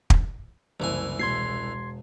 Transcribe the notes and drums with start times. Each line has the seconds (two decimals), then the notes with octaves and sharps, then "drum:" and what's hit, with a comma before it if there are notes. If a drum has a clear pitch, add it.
0.10 drum: kick
0.80 F#1 C2 E3 G#5
1.19 E1 C6 G#6 C7